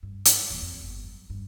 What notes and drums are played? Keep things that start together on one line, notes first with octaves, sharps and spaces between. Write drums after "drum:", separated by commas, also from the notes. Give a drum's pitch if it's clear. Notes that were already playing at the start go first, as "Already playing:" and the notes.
G2
drum: hi-hat
D#1 E3
F2
G1
F#3
G2